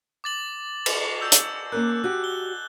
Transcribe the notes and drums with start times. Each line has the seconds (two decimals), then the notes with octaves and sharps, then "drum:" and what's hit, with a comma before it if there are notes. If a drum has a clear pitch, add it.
0.24 D6 A6 F#7
0.86 drum: cymbal
1.21 E6 G6
1.32 drum: hi-hat
1.72 A#3 C#4 A#4 F#6
2.04 F#4 G4 F#6
2.24 G7